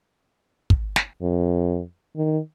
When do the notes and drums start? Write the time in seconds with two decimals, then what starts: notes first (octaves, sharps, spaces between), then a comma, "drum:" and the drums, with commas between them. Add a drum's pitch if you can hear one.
0.70 drum: kick
0.96 drum: snare
1.22 F2
2.16 D#3